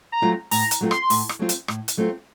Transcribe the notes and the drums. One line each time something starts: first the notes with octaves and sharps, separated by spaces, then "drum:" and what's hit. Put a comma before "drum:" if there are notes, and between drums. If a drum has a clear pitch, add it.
A#5
F#3 A3 C4 F4
A2 A#5, drum: open hi-hat
drum: hi-hat
F#3 A3 C4 F4
C6, drum: rim click
A2, drum: open hi-hat
drum: rim click
F#3 A3 C4 F4
drum: hi-hat
A2, drum: rim click
drum: hi-hat
F#3 A3 C4 F4